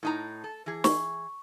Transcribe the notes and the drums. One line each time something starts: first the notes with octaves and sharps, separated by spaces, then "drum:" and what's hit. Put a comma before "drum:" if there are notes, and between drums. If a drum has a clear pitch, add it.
A2 D#4 A#5
A4
E3 G#4
C#6, drum: snare